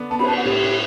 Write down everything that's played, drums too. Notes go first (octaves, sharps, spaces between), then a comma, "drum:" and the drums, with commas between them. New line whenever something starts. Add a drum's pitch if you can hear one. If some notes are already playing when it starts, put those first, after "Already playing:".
Already playing: D3 B3 D5
B3 A5
B5, drum: cymbal
B4 A5
F#5
A2 G4
A2